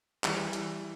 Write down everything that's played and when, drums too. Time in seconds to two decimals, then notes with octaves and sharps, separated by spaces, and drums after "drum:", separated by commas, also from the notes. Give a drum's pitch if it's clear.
0.24 E3 G3, drum: clap
0.53 drum: hi-hat